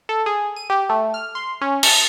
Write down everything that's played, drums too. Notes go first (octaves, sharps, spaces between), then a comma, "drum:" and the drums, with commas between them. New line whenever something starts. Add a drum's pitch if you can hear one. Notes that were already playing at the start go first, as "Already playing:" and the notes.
A4
G#4
D#7
G4
A3
F6
C6
C#4
A5, drum: cymbal